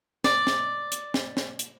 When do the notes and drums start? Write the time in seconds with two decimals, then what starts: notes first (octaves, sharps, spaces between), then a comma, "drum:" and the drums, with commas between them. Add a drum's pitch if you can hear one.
0.24 D5, drum: snare
0.47 drum: snare
0.92 drum: hi-hat
1.14 drum: snare
1.37 drum: snare
1.59 drum: hi-hat